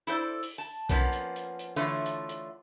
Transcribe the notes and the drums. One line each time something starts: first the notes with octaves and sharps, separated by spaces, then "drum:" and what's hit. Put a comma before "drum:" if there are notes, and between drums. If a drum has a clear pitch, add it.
E4 A4 C5 D5
drum: open hi-hat
A5
F3 A#3 B3 C#4, drum: kick B1, hi-hat
drum: hi-hat
drum: hi-hat
drum: hi-hat
D3 E3 A3 F4 C#5
drum: hi-hat
drum: hi-hat